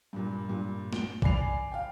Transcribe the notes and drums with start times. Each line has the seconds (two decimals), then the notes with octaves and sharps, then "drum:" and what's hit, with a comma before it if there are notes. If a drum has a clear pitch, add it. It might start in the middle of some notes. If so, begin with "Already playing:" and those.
0.13 G2 A#2
0.49 G2 A#2
0.93 D7 G7, drum: snare
1.22 D5 G#5 B5 C7 F7, drum: kick
1.72 F5 G5